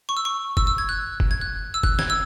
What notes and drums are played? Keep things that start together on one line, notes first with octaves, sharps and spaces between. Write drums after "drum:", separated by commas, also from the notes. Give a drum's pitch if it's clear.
C#6
E6
C#6
E6, drum: kick
E6
G#6
F#6
drum: kick
G#6
F#6
E6
F#6, drum: kick
G#6, drum: snare
E6